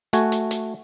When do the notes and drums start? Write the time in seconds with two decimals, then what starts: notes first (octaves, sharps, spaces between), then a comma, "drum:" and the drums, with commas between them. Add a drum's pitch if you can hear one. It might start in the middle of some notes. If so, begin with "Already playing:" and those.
0.13 A3 F#4 G#5, drum: hi-hat
0.32 drum: hi-hat
0.51 drum: hi-hat